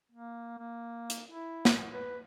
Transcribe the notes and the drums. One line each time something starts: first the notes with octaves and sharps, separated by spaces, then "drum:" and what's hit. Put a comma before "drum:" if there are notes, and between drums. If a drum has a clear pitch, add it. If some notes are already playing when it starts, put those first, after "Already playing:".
A#3
A#3
drum: hi-hat
E4
drum: snare
B4